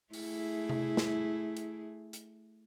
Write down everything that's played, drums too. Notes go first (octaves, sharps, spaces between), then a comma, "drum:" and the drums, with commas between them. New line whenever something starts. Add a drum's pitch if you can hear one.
A3 E4 G#4, drum: open hi-hat
drum: tom C3
drum: snare
drum: hi-hat
drum: hi-hat